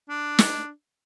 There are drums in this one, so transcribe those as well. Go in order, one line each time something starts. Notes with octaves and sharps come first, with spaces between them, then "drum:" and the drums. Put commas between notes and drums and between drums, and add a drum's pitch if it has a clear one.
D4
drum: snare